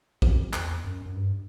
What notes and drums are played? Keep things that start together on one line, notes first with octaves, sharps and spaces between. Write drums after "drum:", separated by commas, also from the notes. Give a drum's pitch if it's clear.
F2, drum: kick A#1
E2, drum: clap
F#2
F#2
G2